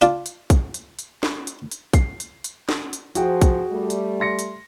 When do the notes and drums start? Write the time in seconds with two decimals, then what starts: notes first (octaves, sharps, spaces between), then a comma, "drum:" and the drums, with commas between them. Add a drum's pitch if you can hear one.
0.01 D4 F4 D5, drum: hi-hat
0.26 drum: hi-hat
0.50 drum: kick, hi-hat
0.74 drum: hi-hat
0.99 drum: hi-hat
1.23 drum: snare
1.47 drum: hi-hat
1.71 drum: hi-hat
1.93 C7, drum: kick, hi-hat
2.20 drum: hi-hat
2.44 drum: hi-hat
2.69 drum: snare
2.93 drum: hi-hat
3.15 F3 F#4 G#4 G5, drum: hi-hat
3.42 drum: kick, hi-hat
3.71 G3 A3
3.90 drum: hi-hat
4.20 C6 A#6 C#7
4.39 drum: hi-hat